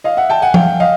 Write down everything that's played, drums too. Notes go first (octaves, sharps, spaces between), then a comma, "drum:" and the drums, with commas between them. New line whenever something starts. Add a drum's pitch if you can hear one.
D#5 F5
E5 F#5
G5 A5
F#5 G#5
F5 G5, drum: tom F3
D#5 F5